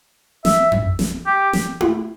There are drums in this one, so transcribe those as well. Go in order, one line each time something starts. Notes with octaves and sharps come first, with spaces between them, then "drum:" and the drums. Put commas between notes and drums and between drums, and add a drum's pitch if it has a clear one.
E5, drum: snare
drum: tom F2
drum: snare
G4
drum: snare
drum: tom E4